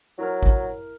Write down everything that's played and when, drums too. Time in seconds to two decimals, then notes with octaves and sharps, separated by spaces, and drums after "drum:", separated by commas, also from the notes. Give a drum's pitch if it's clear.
0.18 F#3 E4 A#4 F6
0.43 drum: kick